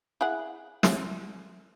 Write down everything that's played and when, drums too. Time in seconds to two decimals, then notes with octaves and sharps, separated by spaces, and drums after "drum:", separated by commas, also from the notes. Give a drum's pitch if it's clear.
0.21 E4 G#4 F#5
0.83 E5, drum: snare